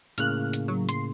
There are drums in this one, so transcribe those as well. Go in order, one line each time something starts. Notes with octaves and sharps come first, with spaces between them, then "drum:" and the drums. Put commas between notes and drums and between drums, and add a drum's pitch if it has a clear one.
A2 C#3 A#3 F6 F#6, drum: hi-hat
drum: hi-hat
F#3
C6, drum: hi-hat